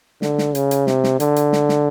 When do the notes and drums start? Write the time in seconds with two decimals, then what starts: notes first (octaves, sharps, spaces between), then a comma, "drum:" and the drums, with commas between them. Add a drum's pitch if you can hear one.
0.22 D3, drum: snare
0.38 drum: snare
0.55 C#3, drum: hi-hat
0.71 drum: hi-hat
0.87 C3, drum: snare
1.04 drum: snare
1.20 D3, drum: hi-hat
1.36 drum: hi-hat
1.53 drum: snare
1.69 drum: snare